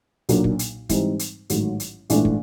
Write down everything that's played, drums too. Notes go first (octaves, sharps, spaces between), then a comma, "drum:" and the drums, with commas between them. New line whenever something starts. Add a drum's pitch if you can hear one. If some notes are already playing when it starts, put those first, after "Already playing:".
B1 A#2 F#3 A#3 D4, drum: hi-hat
drum: kick
drum: hi-hat
G#2 E3 G3 C4 D#4, drum: kick, hi-hat
drum: hi-hat
A1 G#2 D#3 F#3 A3, drum: hi-hat
drum: hi-hat
A#1 G#2 E3 A3 D4, drum: hi-hat
drum: kick